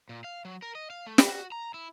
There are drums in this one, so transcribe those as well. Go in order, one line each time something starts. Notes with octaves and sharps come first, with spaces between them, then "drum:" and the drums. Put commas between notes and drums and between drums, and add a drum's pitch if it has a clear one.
A#2
F5
F#3
A#4
D#5
F5
A3
drum: snare
F#4
A#5
E4